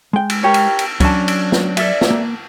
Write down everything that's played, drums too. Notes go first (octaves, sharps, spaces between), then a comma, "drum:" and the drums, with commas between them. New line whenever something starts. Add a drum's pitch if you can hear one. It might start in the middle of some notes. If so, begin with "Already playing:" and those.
G#3 G5
drum: cymbal
G4 A#4 C#5
drum: cymbal
drum: cymbal
F#3 C#4 D4 A5, drum: kick, cymbal
drum: cymbal
drum: snare
A4 D5 E5, drum: cymbal
drum: snare
A#3